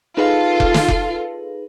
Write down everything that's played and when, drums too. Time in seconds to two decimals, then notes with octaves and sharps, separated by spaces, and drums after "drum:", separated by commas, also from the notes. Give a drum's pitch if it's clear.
0.17 D#4 F4 G#4 A4 B4
0.60 drum: kick F1
0.74 drum: snare
0.88 drum: kick F1